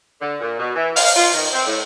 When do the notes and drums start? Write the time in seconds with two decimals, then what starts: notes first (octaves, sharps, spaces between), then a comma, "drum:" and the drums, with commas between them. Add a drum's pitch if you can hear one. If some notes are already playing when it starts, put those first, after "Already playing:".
0.21 D3
0.41 A#2
0.59 B2
0.76 E3
0.96 F5, drum: open hi-hat
1.16 F4
1.34 D#3
1.53 C4
1.67 A2